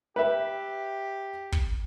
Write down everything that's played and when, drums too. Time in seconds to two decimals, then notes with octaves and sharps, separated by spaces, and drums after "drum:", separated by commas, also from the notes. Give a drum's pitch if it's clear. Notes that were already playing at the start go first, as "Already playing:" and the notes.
0.16 G4 B4 E5
1.52 drum: kick